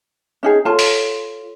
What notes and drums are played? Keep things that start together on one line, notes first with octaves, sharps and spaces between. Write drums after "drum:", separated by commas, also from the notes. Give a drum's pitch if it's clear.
C#4 D#4 G#4
F4 A4 C#5 A5 C6
drum: open hi-hat